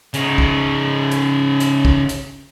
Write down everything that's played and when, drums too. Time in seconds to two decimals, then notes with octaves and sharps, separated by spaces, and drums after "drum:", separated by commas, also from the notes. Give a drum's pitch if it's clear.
0.14 C#3 D#4, drum: hi-hat
0.38 drum: kick
1.12 drum: hi-hat
1.60 drum: hi-hat
1.85 drum: kick
2.09 drum: hi-hat